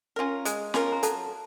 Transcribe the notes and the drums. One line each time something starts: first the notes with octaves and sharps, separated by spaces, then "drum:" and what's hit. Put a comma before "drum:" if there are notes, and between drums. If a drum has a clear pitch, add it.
C#4 F4 A#4
G#3, drum: hi-hat
C#4 F4 A#4, drum: snare
A#5
F#3 A4 A5, drum: hi-hat